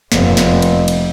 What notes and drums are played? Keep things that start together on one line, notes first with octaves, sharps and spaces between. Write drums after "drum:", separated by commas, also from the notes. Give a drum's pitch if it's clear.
F1, drum: snare
drum: snare
drum: cymbal
drum: cymbal